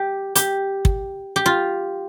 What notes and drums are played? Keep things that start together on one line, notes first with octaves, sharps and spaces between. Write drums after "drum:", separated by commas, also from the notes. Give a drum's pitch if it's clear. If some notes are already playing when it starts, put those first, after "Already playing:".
Already playing: G4
G4, drum: hi-hat
drum: kick
G4
F4